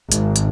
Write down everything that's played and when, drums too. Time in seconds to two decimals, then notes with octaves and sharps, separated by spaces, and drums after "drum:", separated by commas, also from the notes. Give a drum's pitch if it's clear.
0.12 G#1, drum: hi-hat
0.36 drum: hi-hat